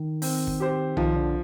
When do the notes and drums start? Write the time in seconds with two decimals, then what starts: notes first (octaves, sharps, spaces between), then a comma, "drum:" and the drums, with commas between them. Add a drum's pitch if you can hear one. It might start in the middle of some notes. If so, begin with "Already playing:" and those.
Already playing: D#3
0.22 C4, drum: open hi-hat
0.47 drum: kick
0.60 G4 C5
0.97 D#3 F3, drum: tom B1
1.16 D3